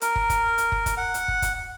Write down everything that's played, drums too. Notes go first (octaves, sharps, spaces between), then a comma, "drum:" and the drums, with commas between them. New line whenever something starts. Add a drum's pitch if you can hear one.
A#4, drum: hi-hat
drum: kick
drum: kick, hi-hat
drum: hi-hat
drum: kick
drum: kick, hi-hat
F#5
drum: hi-hat
drum: kick
drum: kick, hi-hat